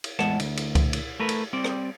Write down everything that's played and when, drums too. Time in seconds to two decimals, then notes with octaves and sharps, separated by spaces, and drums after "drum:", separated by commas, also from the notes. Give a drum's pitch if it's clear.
0.04 drum: cymbal
0.19 E2 A2 G#3 F#5 A5, drum: rim click
0.40 D2, drum: cymbal
0.57 drum: cymbal
0.75 drum: kick C#2, cymbal
0.93 drum: cymbal
1.20 A3 A#4 B4
1.29 drum: cymbal
1.53 G3 C4 D5
1.64 drum: rim click